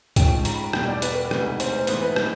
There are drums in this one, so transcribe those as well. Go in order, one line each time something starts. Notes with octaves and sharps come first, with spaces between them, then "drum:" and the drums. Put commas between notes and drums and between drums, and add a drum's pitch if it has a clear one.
G#2 F3 G#3 C#4 G5, drum: kick, hi-hat
A#5, drum: hi-hat
B5
E2 B2 G3 G5, drum: rim click
D5
B4, drum: hi-hat
A#4
B4
D2 C3 D#3 G#3, drum: rim click
C5, drum: hi-hat
C5
A2 E3 G#3 B3 D#4 B4, drum: hi-hat
B4
drum: rim click